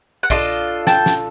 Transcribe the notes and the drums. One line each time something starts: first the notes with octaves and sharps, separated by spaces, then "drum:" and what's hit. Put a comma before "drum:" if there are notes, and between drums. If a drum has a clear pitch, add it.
F#5
D4 F4 A4 D#5 F5, drum: kick
G5 A5, drum: snare
drum: snare